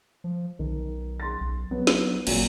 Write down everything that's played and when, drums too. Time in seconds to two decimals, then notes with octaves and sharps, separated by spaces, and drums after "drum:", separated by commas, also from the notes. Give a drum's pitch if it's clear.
0.24 F3
0.59 B1 D#3
1.20 C6 A6
1.41 B1
1.71 F#3 B3
1.87 drum: snare
2.27 G#1 A#2 F#3 C4, drum: cymbal